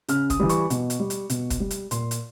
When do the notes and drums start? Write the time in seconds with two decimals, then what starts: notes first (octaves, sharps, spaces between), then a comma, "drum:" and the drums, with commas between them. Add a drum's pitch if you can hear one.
0.08 C#3 F6, drum: hi-hat
0.30 D#6, drum: kick, hi-hat
0.39 E3 G3
0.49 C#6, drum: hi-hat
0.70 B2, drum: hi-hat
0.90 drum: hi-hat
1.00 G3
1.10 drum: hi-hat
1.30 B2, drum: hi-hat
1.50 drum: kick, hi-hat
1.60 G3
1.71 drum: hi-hat
1.91 A#2 C6, drum: hi-hat
2.11 drum: hi-hat